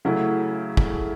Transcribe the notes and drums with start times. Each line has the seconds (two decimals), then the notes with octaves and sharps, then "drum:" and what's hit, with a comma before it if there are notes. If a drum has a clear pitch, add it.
0.05 C#3 F#3 A3 E4
0.77 drum: kick